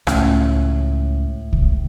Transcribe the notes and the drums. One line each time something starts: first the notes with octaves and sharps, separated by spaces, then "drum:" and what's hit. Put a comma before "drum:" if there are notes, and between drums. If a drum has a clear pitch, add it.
C#2 A2 C#4, drum: rim click
drum: kick C2